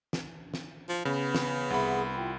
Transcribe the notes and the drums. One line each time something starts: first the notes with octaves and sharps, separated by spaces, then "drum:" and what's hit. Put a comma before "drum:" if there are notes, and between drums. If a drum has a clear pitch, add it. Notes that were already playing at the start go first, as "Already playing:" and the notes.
drum: snare
drum: snare
F3
C#3 B3
drum: snare
C2 G#4 E5 F#5 B5
E4 F4 G5